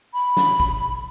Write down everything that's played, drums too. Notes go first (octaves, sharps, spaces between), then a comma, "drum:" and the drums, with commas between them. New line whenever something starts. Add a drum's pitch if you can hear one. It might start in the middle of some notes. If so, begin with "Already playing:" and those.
B5
drum: snare
drum: kick